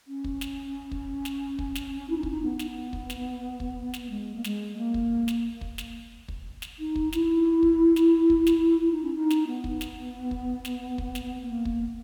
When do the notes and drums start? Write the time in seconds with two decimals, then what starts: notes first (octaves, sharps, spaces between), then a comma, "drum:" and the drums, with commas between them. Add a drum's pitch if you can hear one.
0.07 C#4
0.24 drum: kick
0.41 drum: snare
0.92 drum: kick
1.25 drum: snare
1.59 drum: kick
1.75 drum: snare
2.09 E4
2.16 D#4
2.23 C#4, drum: kick
2.30 D#4
2.42 B3
2.59 drum: snare
2.93 drum: kick
3.10 drum: snare
3.60 drum: kick
3.94 drum: snare
4.10 G#3
4.35 A#3
4.44 G#3, drum: snare
4.77 A#3
4.94 drum: kick
5.28 drum: snare
5.61 drum: kick
5.78 drum: snare
6.28 drum: kick
6.62 drum: snare
6.79 D#4
6.96 drum: kick
7.13 E4, drum: snare
7.63 drum: kick
7.96 drum: snare
8.30 drum: kick
8.47 drum: snare
8.81 E4
8.91 D#4
9.03 C#4
9.14 D#4
9.30 drum: snare
9.47 B3
9.64 drum: kick
9.81 drum: snare
10.31 drum: kick
10.65 drum: snare
10.98 drum: kick
11.15 drum: snare
11.42 B3
11.49 A#3
11.65 drum: kick